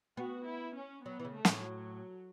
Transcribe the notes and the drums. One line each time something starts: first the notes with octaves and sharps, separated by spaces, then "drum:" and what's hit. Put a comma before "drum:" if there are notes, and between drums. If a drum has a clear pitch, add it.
B3 F#4
E4
C#4
F#3 B3
E3
C#3
A3
A2, drum: snare
F#3